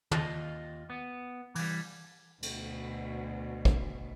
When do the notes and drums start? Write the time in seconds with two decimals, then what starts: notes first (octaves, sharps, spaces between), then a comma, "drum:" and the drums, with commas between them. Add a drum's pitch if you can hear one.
0.11 D#2 F4 D#5, drum: tom
0.90 B3
1.55 E3 G3, drum: open hi-hat
2.43 D2 B2, drum: cymbal
3.65 drum: kick